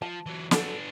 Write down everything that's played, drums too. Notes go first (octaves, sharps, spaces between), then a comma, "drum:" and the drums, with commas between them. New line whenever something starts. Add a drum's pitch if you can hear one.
F3 A5
E3 F#3
F#3 B3 D4 A4, drum: snare